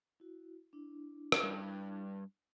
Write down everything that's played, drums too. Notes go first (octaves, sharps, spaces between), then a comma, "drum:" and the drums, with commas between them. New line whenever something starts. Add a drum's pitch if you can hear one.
E4 F#4
D4 E4
drum: rim click
G2